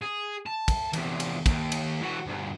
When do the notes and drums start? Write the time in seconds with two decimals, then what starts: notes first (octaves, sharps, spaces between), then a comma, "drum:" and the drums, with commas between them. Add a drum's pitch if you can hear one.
0.03 G#4
0.46 A5
0.68 drum: kick, cymbal
0.93 E2 C3, drum: cymbal
1.20 drum: cymbal
1.46 D#2, drum: kick, cymbal
1.72 drum: cymbal
2.02 E3 F#4
2.27 D2 G2